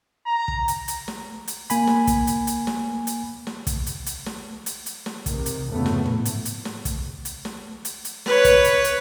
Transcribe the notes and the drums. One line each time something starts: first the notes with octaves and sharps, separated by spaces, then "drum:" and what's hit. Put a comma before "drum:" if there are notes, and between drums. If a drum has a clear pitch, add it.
A#5
drum: kick
drum: hi-hat
drum: hi-hat
drum: snare
drum: hi-hat
A#3 G#5 B5, drum: hi-hat
drum: snare
drum: kick, hi-hat
drum: hi-hat
drum: hi-hat
drum: snare
drum: hi-hat
drum: snare
drum: kick, hi-hat
drum: hi-hat
drum: hi-hat
drum: snare
drum: hi-hat
drum: hi-hat
drum: snare
C3 D#3, drum: kick, hi-hat
drum: hi-hat
F2 G#2 C#3 A3 B3
drum: snare
drum: tom
drum: hi-hat
drum: hi-hat
drum: snare
drum: kick, hi-hat
drum: hi-hat
drum: snare
drum: hi-hat
drum: hi-hat
B4 C#5, drum: snare
drum: kick, hi-hat
drum: hi-hat
drum: hi-hat